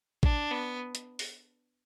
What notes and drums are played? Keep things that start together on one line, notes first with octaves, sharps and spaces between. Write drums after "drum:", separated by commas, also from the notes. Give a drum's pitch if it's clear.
D4, drum: kick A1
B3
drum: hi-hat
drum: open hi-hat